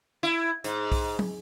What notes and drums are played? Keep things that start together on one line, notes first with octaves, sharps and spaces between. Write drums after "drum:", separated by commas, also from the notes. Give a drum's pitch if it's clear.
E4
G#2, drum: hi-hat
drum: kick B1, open hi-hat
drum: tom